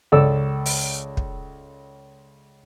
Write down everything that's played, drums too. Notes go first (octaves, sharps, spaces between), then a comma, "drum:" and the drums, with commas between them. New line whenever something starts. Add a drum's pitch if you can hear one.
C#2 A4 D5 E6
drum: open hi-hat
drum: kick